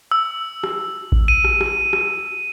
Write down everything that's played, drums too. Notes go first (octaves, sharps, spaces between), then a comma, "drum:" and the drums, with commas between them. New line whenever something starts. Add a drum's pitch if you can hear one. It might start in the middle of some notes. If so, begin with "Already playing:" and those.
E6
drum: rim click
drum: kick A1
D#7
drum: rim click
drum: rim click
drum: rim click